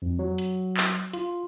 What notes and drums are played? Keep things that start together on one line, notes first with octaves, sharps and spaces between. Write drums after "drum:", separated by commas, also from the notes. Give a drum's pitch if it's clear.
F2
F#3
drum: hi-hat
drum: clap
F4, drum: hi-hat